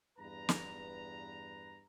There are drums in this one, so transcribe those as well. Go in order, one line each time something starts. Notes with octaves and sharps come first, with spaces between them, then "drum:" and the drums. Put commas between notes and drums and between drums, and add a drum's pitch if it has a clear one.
E2 G2 B4 A#5
drum: snare